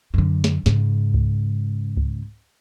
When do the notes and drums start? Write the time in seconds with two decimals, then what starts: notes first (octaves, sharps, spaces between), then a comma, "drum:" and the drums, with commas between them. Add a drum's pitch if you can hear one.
0.14 F#2 D3
0.44 drum: snare
0.66 G#2 C#3, drum: snare
1.14 drum: kick C#2
1.97 drum: kick C#2